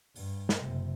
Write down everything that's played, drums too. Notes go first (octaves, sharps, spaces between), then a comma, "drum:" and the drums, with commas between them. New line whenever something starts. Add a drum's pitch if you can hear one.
G2, drum: open hi-hat
drum: snare
F#1 C3